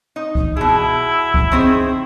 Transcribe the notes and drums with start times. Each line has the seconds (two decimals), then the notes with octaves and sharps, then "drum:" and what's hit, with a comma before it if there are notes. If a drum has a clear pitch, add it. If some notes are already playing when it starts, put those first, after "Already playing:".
0.16 D#4
0.35 drum: kick C#2
0.56 B2 E4 G#4
1.34 drum: kick C#2
1.52 D#3 C4 G#4